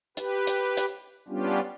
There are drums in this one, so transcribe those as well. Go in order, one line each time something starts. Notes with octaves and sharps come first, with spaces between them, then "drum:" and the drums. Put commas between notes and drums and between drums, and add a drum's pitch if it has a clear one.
G4 B4, drum: hi-hat
drum: hi-hat
drum: hi-hat
G3 B3 C#4 D4 F4 G4